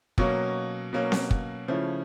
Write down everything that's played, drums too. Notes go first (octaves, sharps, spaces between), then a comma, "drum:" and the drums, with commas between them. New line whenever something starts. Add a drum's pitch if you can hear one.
B2 F#3 A#3 C#4, drum: kick
B2 F#3 A#3 C#4
drum: snare C4
drum: kick
C#3 F3 A3 C#4 E4